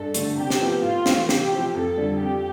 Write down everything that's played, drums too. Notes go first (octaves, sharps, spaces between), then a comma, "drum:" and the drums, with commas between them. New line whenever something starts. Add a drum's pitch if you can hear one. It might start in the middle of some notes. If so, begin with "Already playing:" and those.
Already playing: G2 A4
D3 A3, drum: hi-hat
C3 G4
drum: snare
F3 B3 E4
A2 F4
E3 A3 C4, drum: snare
C3 G4, drum: snare
F3 C4 E4
F2 A4
D3 G3
F2 G4